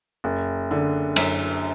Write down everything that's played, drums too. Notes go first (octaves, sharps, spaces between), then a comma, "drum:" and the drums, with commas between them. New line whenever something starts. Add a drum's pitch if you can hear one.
F#1
D3
F#2, drum: cymbal